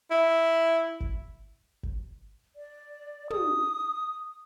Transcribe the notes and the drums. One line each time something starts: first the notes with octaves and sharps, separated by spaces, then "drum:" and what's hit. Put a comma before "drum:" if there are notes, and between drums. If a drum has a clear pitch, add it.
E4
drum: kick G#1
drum: kick G#1
D5
D#6, drum: tom